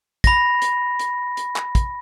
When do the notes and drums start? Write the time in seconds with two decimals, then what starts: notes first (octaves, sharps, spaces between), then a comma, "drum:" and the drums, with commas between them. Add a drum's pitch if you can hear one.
0.24 B5 A#6, drum: kick, hi-hat
0.62 drum: hi-hat
1.00 drum: hi-hat
1.37 drum: hi-hat
1.56 drum: clap
1.75 drum: kick, hi-hat